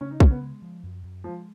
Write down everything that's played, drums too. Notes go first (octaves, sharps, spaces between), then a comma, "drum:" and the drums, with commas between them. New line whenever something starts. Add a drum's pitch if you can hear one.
C#3 C#4
D#4
C#3 C#4, drum: kick
B3
G#3
F3
F#2
F#2
F3 G#3